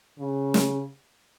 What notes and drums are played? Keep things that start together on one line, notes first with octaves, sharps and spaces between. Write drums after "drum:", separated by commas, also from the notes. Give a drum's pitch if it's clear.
C#3
drum: snare